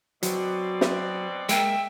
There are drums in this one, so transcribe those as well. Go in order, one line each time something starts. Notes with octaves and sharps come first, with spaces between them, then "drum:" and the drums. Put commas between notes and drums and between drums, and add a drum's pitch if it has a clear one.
B2 F#3 C4 D5, drum: hi-hat
drum: snare
G#3 A#3 E5 G5, drum: hi-hat